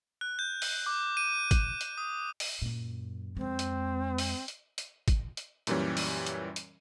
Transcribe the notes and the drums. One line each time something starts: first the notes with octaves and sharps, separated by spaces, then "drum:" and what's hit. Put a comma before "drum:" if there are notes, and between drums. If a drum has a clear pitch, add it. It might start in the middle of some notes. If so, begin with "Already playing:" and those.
F#6
G6
drum: open hi-hat
D6
D#7
drum: kick, hi-hat
drum: hi-hat
D#6
drum: open hi-hat
F#2 A#2
F2 G#3 C4
drum: hi-hat
drum: open hi-hat
drum: hi-hat
drum: hi-hat
drum: kick, hi-hat
drum: hi-hat
F#2 A#2 E3 G3 C#4, drum: hi-hat
drum: open hi-hat
drum: hi-hat
drum: hi-hat